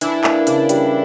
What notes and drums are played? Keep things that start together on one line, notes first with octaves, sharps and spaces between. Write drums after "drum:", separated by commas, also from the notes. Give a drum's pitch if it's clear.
E3 D4 E4, drum: hi-hat
A#3, drum: clap
C#3 D4, drum: hi-hat
G3, drum: hi-hat